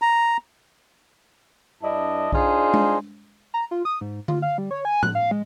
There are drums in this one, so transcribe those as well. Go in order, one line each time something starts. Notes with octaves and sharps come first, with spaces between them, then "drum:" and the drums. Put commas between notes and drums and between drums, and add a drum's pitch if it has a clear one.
A#5
G2 D4 E4 D#5 A5
D4 D#4 F4 G#4 C5, drum: kick B1
drum: tom G#3
A#5
F4
D#6
G#2
F4, drum: tom D3
F5
G3
C#5
G#5
F#6, drum: tom A2
F5
G#3